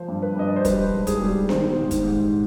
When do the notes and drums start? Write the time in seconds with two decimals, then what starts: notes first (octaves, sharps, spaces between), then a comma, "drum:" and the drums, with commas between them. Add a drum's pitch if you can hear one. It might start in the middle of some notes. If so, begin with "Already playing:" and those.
Already playing: F3 C5
0.08 G2
0.22 B4
0.36 G2 D#5
0.48 D5
0.56 C5
0.65 G3 B4, drum: kick, hi-hat
0.93 G#2
1.07 G#4, drum: kick, hi-hat
1.21 G3
1.49 D#3 C5, drum: snare B3
1.76 G#2
1.91 drum: kick, hi-hat
2.04 G#2